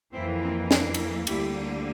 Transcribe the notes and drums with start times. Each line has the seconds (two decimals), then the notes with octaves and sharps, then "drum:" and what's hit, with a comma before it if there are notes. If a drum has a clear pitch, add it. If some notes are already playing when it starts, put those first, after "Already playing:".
0.13 F2 E3 A#3 C4 E4
0.41 C4
0.71 D4, drum: snare
0.94 drum: cymbal
1.27 D2 D3 G3 A#3 E4 G4, drum: cymbal